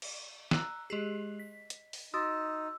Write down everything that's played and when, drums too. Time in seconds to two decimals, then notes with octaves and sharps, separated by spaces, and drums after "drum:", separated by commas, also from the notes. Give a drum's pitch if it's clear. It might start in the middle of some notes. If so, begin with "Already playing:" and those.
0.02 drum: cymbal
0.51 A#5 E6 F#6, drum: snare
0.90 G#3 G4 G#4 D#5 C7
1.40 B6
1.70 drum: hi-hat
1.93 drum: open hi-hat
2.14 D#4 F#4 C6 D#6 E6 A6